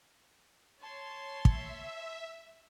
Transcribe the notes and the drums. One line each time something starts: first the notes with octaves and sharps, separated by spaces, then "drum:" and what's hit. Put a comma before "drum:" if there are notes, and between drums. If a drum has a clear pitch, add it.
C#5 A5 C6
E5, drum: kick